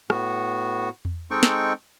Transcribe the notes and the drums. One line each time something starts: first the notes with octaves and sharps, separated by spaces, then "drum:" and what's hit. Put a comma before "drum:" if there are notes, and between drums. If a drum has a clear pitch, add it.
A2 B3 F#4, drum: rim click
drum: tom E2
G#3 C4 D#4 A4 G5 C#6
drum: snare